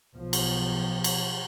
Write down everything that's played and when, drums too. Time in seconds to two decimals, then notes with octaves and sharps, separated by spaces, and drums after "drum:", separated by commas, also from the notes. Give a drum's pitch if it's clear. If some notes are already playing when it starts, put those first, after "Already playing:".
0.15 B1 F3
0.33 drum: cymbal
1.04 drum: cymbal